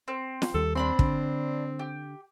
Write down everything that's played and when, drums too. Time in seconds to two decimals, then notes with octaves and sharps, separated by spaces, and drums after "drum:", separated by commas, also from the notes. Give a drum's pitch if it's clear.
0.08 C4
0.42 drum: snare
0.54 D#2 G3 A4
0.75 C4 D4 B5 C6
0.99 D3, drum: kick
1.79 G4